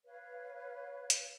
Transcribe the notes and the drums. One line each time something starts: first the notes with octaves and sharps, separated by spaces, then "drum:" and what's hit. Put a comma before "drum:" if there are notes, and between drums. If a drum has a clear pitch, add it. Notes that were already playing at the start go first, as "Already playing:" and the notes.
B4 C#5 F5
drum: hi-hat